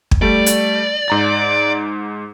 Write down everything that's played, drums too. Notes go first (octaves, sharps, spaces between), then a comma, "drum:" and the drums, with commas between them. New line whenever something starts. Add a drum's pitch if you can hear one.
drum: kick
G3 A3 D5
drum: hi-hat
G#2 A#5 A6